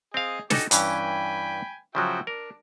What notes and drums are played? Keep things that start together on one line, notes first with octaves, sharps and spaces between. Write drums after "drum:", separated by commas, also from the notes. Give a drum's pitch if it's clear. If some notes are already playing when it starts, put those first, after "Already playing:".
C4 G#4 D#5 F5
D#4 F#4 G4 A4 G#5 D6, drum: snare
G2 E3 C#4 G5 G#5 B5, drum: hi-hat
C#3 F3 F#3 F#4 E5 G5
D4 A#4